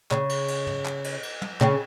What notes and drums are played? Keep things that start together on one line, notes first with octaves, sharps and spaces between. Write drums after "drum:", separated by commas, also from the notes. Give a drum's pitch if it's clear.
C#3, drum: clap
drum: cymbal
drum: cymbal
drum: tom
drum: clap
drum: cymbal
drum: cymbal
drum: tom
C#3, drum: clap